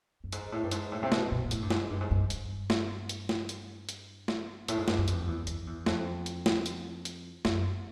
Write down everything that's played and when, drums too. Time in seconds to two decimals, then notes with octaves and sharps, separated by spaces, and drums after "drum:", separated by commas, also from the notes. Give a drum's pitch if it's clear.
0.24 G2
0.32 G#2, drum: hi-hat
0.52 A2
0.63 G2
0.71 G#2, drum: hi-hat
0.92 A2
1.03 C3
1.12 B2, drum: snare
1.32 B2
1.45 A#2
1.51 A2, drum: hi-hat
1.62 G2
1.70 G#2, drum: snare
1.90 G2
2.01 G#2
2.11 G2
2.30 drum: hi-hat
2.70 drum: snare
3.09 drum: hi-hat
3.29 drum: snare
3.49 drum: hi-hat
3.89 drum: hi-hat
4.28 drum: snare
4.68 A2, drum: hi-hat
4.78 G#2
4.88 G2, drum: snare
4.98 F#2
5.08 F2, drum: hi-hat
5.27 E2
5.47 F2, drum: hi-hat
5.67 E2
5.86 F2, drum: snare
6.26 drum: hi-hat
6.46 drum: snare
6.66 drum: hi-hat
7.05 drum: hi-hat
7.45 F#2, drum: snare